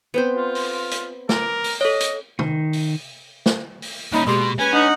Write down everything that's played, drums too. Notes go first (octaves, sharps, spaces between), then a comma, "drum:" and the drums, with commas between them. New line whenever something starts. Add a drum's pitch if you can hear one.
B3 C4 C5
F4
drum: open hi-hat
drum: hi-hat
A#4 D6, drum: snare
drum: open hi-hat
A4 C#5 D#5
drum: hi-hat
D#3, drum: tom
drum: open hi-hat
drum: snare
drum: open hi-hat
C2 A#3 C#4 D#4 B5
B2 G#3 G4 G#4 C6
C#4 B4 G#5
D4 D#4 F#5